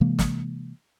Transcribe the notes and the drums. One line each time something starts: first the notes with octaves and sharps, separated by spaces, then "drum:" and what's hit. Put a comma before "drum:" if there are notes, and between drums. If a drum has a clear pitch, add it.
C3 E3 G#3 A#3
drum: snare